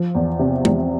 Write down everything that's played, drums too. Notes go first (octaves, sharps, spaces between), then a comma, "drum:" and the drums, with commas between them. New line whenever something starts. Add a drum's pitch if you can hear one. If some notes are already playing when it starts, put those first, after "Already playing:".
Already playing: F3
E2
C3
E2, drum: tom